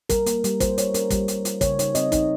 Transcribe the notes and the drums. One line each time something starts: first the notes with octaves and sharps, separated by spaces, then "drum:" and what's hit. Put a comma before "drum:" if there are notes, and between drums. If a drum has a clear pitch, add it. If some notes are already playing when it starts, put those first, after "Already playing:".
G3 A#4, drum: kick, hi-hat
A#3, drum: hi-hat
G3, drum: hi-hat
F4 C5, drum: kick, hi-hat
F4 C#5, drum: hi-hat
C#4 A#4, drum: hi-hat
G3, drum: kick, hi-hat
G3, drum: hi-hat
F4, drum: hi-hat
C#3 C#5, drum: kick, hi-hat
D#4 C#5, drum: hi-hat
C4 D#5, drum: hi-hat
D#4 D#5, drum: kick, hi-hat